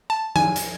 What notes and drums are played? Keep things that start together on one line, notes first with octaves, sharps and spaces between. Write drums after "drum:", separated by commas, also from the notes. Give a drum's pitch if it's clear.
A5
G#5, drum: tom F3
drum: hi-hat